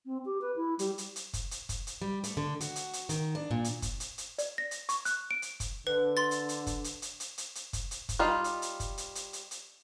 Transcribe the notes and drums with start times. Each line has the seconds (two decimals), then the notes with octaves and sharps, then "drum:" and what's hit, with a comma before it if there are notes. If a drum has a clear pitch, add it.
0.06 C4
0.25 G4
0.41 B4
0.56 E4
0.79 G3, drum: hi-hat
0.98 drum: hi-hat
1.16 drum: hi-hat
1.33 drum: kick, hi-hat
1.51 drum: hi-hat
1.69 drum: kick, hi-hat
1.87 drum: hi-hat
2.02 G3
2.24 A3, drum: hi-hat
2.37 D3
2.61 F#4, drum: hi-hat
2.76 drum: hi-hat
2.93 drum: hi-hat
3.09 D#3, drum: hi-hat
3.35 D4
3.51 A#2
3.64 drum: hi-hat
3.82 drum: kick, hi-hat
4.00 drum: hi-hat
4.18 drum: hi-hat
4.38 D5, drum: hi-hat
4.58 A#6
4.71 drum: hi-hat
4.89 C#6, drum: hi-hat
5.05 F#6, drum: hi-hat
5.31 D7
5.42 drum: hi-hat
5.60 drum: kick, hi-hat
5.87 D3 B4
6.17 C6 A6
6.31 drum: hi-hat
6.49 drum: hi-hat
6.67 drum: kick, hi-hat
6.84 drum: hi-hat
7.02 drum: hi-hat
7.20 drum: hi-hat
7.38 drum: hi-hat
7.55 drum: hi-hat
7.73 drum: kick, hi-hat
7.91 drum: hi-hat
8.09 drum: kick, hi-hat
8.19 G3 D#4 F4
8.44 drum: hi-hat
8.62 drum: hi-hat
8.80 drum: kick, hi-hat
8.98 drum: hi-hat
9.15 drum: hi-hat
9.33 drum: hi-hat
9.51 drum: hi-hat